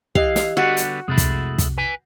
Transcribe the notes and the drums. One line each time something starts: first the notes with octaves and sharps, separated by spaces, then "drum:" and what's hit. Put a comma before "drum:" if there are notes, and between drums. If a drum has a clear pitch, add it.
E3 G4 D#5 F5, drum: kick
drum: snare
D3 G3 B3 F#4
drum: hi-hat
F2 C3 G#3 A3 E4
drum: kick, hi-hat
drum: kick, hi-hat
B4 G#5